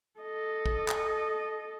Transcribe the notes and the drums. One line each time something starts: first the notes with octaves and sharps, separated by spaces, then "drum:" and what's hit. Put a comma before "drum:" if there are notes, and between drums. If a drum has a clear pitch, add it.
A4 D#5
drum: kick
drum: clap